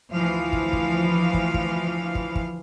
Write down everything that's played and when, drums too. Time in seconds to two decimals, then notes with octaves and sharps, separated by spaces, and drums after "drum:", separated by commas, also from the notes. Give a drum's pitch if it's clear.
0.12 D2 E3 F3 F5
0.53 drum: kick
0.73 drum: kick
1.34 drum: kick
1.54 drum: kick
2.15 drum: kick
2.35 drum: kick